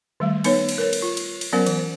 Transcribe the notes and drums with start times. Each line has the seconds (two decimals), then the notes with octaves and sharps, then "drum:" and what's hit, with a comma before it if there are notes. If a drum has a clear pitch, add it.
0.20 D#3 G3 A3
0.44 B3 D#4 B4 C#5, drum: cymbal
0.69 drum: cymbal
0.78 A#4 B4 C#5
0.93 drum: cymbal
1.02 F4
1.17 drum: cymbal
1.41 drum: cymbal
1.53 F#3 B3 C#4 A#4 C5 F#5
1.66 E3, drum: cymbal